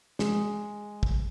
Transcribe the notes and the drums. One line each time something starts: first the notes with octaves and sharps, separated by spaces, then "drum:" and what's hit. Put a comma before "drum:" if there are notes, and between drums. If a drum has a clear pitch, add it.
G#3, drum: snare
drum: kick